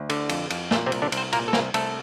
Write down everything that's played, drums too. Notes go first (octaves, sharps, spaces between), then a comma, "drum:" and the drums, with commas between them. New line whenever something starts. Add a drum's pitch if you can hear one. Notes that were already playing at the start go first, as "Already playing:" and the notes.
Already playing: D2
D3, drum: cymbal
F2, drum: cymbal
F2, drum: cymbal
A#2 A3, drum: snare
C3 C4
C2, drum: cymbal
D3 D4
C2, drum: cymbal
C4 C5
A#2 A#3 A#4, drum: cymbal
A4
C2 A#3 A#4, drum: snare
C2 A3 A4, drum: cymbal